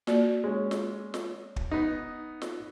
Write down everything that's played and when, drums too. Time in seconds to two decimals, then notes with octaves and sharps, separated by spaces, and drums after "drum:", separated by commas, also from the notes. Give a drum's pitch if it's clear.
0.07 A#3 F#4 D5, drum: snare
0.44 G#3 C#4
0.71 drum: snare
1.14 drum: snare
1.56 drum: kick
1.71 B3 D#4
2.42 drum: snare